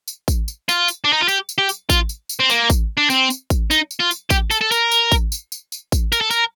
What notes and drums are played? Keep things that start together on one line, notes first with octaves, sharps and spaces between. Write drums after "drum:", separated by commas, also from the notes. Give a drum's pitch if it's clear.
drum: tambourine
drum: kick A1, tambourine
drum: tambourine
F4, drum: tambourine
drum: tambourine
D4
D#4
F4
G4, drum: tambourine
drum: tambourine
G4
drum: tambourine
F4, drum: kick A1, tambourine
drum: tambourine
drum: tambourine
C4
A#3, drum: tambourine
drum: kick A1, tambourine
D4
C4, drum: tambourine
drum: tambourine
drum: kick A1, tambourine
D#4, drum: tambourine
drum: tambourine
F4
drum: tambourine
G4, drum: kick A1, tambourine
A4, drum: tambourine
A4
A#4, drum: tambourine
drum: tambourine
drum: kick A1, tambourine
drum: tambourine
drum: tambourine
drum: tambourine
drum: kick A1, tambourine
A#4, drum: tambourine
A4
A#4, drum: tambourine